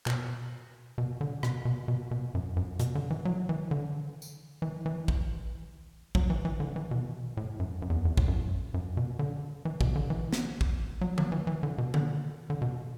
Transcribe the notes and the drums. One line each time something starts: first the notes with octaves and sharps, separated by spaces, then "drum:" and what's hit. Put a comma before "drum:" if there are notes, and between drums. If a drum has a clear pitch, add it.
B2, drum: clap
B2
D3
B2, drum: rim click
B2
B2
B2
F#2
F#2
B2, drum: hi-hat
D3
E3
F#3
E3
D3
drum: tambourine
E3
E3
drum: kick
F#3, drum: kick
E3
E3
D3
E3
B2
A2
F#2
F#2
E2
E2
A2, drum: kick
F#2
F#2
B2
D3
E3
B2, drum: kick
D3
E3
drum: snare
drum: kick
F#3
F#3, drum: tom D3
E3
E3
D3
B2
D3, drum: tom D3
D3
B2